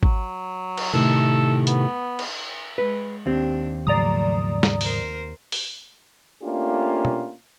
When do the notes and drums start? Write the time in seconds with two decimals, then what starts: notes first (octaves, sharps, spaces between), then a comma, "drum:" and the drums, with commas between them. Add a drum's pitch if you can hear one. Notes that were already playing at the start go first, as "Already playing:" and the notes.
0.03 F#3, drum: kick G#1
0.77 drum: cymbal
0.93 A2 C3 D#3 A4
1.67 B3, drum: hi-hat
2.19 drum: cymbal
2.78 G#3 B4
3.26 D#2 C4 D4 G4
3.87 G#2 C#3 F3 F#3 A3 D5 A#5 D#6
4.63 drum: snare
4.81 A#4 C5, drum: open hi-hat
5.52 drum: open hi-hat
6.42 A3 A#3 C#4 D4 F4 G4
7.05 drum: tom